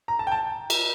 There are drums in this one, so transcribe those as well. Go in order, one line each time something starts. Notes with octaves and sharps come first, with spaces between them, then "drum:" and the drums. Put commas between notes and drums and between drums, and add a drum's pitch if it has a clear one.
A#5
A5
G5
A5
drum: cymbal